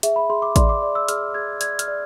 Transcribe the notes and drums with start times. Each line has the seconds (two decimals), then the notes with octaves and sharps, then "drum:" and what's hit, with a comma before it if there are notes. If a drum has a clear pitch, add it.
0.03 G#4 E5, drum: hi-hat
0.16 B5
0.30 G#4 C6
0.42 D6
0.56 D5 C6, drum: kick A1, hi-hat
0.69 D6
0.83 D5
0.95 E6
1.08 G#4 F6, drum: hi-hat
1.34 G#4 G#6
1.61 D5 G#6, drum: hi-hat
1.79 F6, drum: hi-hat
1.88 D5